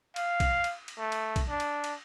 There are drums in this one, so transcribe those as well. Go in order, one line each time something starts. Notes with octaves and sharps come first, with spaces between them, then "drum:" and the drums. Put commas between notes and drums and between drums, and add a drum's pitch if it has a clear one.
F5, drum: cymbal
drum: kick, cymbal
drum: cymbal
drum: cymbal
A3
drum: cymbal
drum: kick, cymbal
D4
drum: cymbal
drum: cymbal